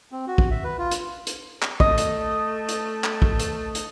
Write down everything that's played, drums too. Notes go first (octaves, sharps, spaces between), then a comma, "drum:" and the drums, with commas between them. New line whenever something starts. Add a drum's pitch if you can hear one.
C4
F#4
drum: kick
E5
B4
F4
drum: hi-hat
drum: hi-hat
drum: clap
A3 D#5, drum: kick
drum: hi-hat
drum: hi-hat
drum: clap
drum: kick
drum: hi-hat
drum: hi-hat